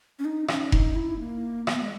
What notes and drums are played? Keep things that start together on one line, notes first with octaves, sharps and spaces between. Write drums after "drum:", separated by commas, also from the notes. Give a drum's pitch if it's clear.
C#4
D#4
C#4, drum: rim click
D#4, drum: kick F1
E4
A#3
B3, drum: rim click
G#3